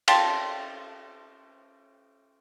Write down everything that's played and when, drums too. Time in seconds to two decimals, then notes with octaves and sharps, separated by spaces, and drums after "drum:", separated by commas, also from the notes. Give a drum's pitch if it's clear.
0.08 F5 G5 A5 C6 A6 B6, drum: cymbal